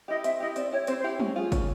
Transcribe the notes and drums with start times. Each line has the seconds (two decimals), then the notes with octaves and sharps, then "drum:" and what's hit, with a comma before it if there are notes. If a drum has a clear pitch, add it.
0.08 E4 G4 D#5
0.24 C4 E5, drum: hi-hat
0.40 E4 G4 D#5
0.56 C4 D5, drum: hi-hat
0.72 E4 G4 C#5
0.87 C4 C5, drum: hi-hat
0.99 C5
1.04 E4 G4
1.20 C#4, drum: tom
1.36 F4 G#4
1.52 C#4, drum: kick, hi-hat